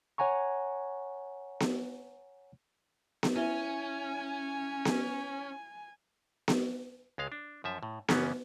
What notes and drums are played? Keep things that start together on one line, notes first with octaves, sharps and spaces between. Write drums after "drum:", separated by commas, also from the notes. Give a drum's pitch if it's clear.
C#5 F#5 G#5 A#5 C#6
drum: snare B3
drum: snare B3
C#4 E4 E5 G#5 G7
drum: snare B3
drum: snare B3
C#2 G#3 F5
D4
F#2 F3 E5
A2
F#2 C#3 E3 A#3 B3 C#4, drum: snare B3